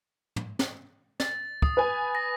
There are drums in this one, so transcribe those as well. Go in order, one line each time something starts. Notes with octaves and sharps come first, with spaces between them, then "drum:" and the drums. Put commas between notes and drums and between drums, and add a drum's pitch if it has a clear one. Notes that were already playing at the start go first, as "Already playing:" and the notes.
drum: tom
drum: snare
A6, drum: snare
D#6, drum: kick
B4 G#5
A#6